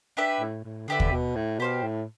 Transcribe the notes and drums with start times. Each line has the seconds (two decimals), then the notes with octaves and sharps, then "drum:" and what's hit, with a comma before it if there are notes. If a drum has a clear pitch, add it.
0.17 D4 G4 B4 E5
0.40 A2
0.64 A2
0.88 D3 D4 G4 B4 E5
1.00 drum: kick
1.12 B2
1.36 A2
1.59 B2 G4 C5 F5
1.83 A2